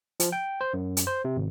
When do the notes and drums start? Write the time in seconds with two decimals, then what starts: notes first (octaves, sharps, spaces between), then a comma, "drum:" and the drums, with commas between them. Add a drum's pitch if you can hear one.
0.20 F3, drum: hi-hat
0.32 G5
0.61 C5
0.74 F#2
0.97 drum: hi-hat
1.07 C5
1.25 C3
1.37 G#1